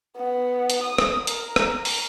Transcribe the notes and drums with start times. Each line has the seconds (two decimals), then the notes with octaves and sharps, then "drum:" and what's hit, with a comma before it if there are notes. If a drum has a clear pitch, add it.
0.17 B3
0.70 drum: hi-hat
0.83 D#6
0.98 drum: rim click
1.27 A#4, drum: hi-hat
1.56 drum: rim click
1.85 drum: open hi-hat